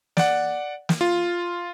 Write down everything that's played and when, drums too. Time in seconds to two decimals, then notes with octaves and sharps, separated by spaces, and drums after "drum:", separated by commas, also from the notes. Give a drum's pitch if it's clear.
0.17 D5 F#5, drum: snare
0.89 drum: snare
1.01 F4